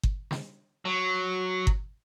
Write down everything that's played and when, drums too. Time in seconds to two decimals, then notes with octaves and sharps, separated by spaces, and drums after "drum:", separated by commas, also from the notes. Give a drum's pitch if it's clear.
0.03 drum: kick G1
0.31 drum: snare
0.85 F#3
1.67 drum: kick G1